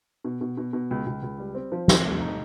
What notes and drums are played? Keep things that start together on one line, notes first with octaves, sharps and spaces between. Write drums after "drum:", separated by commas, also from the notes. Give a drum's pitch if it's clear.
B2
B2
B2
B2
C#2
C#2
C#2
G3
C4
F3
C3, drum: snare
A3
D#4